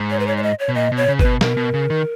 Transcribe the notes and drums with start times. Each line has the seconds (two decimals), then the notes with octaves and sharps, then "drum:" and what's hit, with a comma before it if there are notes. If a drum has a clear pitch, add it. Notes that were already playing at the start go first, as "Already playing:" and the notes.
Already playing: G#2
0.10 C#5
0.20 B4
0.27 C#5
0.37 C#5
0.43 D#5
0.59 C#5
0.69 B2
0.75 A#2 D#5
0.92 B2
0.97 C#5
1.08 C#3
1.19 B4, drum: kick G1
1.25 B2
1.41 B2 A#4, drum: snare
1.57 B2
1.74 C#3
1.90 D#3